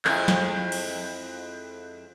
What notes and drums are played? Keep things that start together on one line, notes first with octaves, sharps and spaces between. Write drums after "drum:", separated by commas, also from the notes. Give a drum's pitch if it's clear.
F2 G#3 E4, drum: clap
drum: snare
drum: cymbal